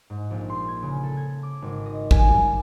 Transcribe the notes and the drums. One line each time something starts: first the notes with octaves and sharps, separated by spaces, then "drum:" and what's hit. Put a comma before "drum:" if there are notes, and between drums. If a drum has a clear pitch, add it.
G#2
A#1
C6
G#6
C#3
A4
G#6
D6
G#1
D#5
G#5, drum: kick G#1
G3